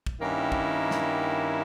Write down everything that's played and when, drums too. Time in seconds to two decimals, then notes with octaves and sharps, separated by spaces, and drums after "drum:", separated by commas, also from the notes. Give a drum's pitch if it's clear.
0.06 drum: kick
0.19 G2 D#3 A#3 C#4 E4
0.52 drum: kick
0.91 drum: snare